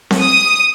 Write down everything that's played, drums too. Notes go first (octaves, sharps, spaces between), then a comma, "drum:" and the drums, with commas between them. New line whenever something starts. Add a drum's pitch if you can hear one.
drum: snare C4
D#6